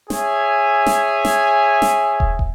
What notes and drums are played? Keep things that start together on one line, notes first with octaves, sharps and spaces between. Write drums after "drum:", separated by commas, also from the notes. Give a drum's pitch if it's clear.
G#4 C#5 E5 G#5, drum: snare
drum: snare
drum: snare
drum: snare
drum: kick
drum: kick